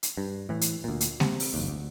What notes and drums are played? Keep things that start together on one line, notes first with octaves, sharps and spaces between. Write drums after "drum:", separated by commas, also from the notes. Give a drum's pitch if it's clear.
drum: hi-hat
G2
A2 E3
drum: hi-hat
D2 A#2
drum: hi-hat
C3, drum: snare G#3
drum: open hi-hat
F#1 D#2
D2